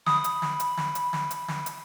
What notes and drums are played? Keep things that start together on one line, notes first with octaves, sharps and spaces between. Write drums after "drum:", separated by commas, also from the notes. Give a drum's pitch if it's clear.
B5 D#6, drum: snare
drum: hi-hat
drum: snare
drum: hi-hat
drum: snare
drum: hi-hat
drum: snare
drum: hi-hat
drum: snare
drum: hi-hat